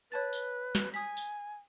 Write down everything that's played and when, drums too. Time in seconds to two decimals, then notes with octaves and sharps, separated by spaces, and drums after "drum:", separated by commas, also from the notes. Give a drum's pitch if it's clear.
0.12 B4 C#5 A5 A6
0.33 drum: tambourine
0.75 drum: snare
0.94 G#5 D#6 B6
1.17 drum: tambourine